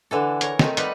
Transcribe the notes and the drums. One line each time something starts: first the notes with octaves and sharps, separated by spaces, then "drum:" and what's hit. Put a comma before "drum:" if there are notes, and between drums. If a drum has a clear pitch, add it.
D3 E3 A4
A#4 C#5, drum: hi-hat
D#3 A3 C4 D#4, drum: snare
G3 D#4 F4 B4 D#5 F#5, drum: hi-hat